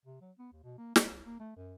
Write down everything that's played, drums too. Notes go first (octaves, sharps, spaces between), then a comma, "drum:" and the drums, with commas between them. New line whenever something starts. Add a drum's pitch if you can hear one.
C3
F#3
B3
D#2
B2
A#3
G#3, drum: snare
C2
A#3
A3
F#2